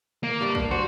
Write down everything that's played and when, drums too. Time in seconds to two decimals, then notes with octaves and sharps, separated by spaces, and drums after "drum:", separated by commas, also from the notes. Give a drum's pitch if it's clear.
0.23 A#3
0.41 G2 G3
0.55 D4, drum: kick
0.71 F#4 C5